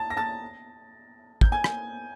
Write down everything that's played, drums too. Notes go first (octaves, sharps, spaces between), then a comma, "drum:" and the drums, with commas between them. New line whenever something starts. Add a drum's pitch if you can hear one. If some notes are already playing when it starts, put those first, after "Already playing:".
Already playing: A5 A6
A#6
A5 A6
G6, drum: kick
G#5 G#6
drum: rim click